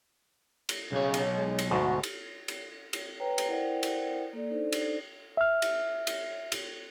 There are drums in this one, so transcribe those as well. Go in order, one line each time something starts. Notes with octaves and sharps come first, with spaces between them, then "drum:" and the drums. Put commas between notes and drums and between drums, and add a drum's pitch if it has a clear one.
drum: cymbal
B1 C#3 C#5
drum: cymbal
G#3
drum: cymbal
D2 G#2 B2 F#4
drum: cymbal
drum: cymbal
drum: cymbal
B4 C#5 G5 A#5
drum: cymbal
E4 A#4 C5 D5 F#5 G5
drum: cymbal
A#3 A4 D5
D4 D#4 A4 C5 D5
drum: cymbal
E5 F6
drum: cymbal
drum: cymbal
drum: cymbal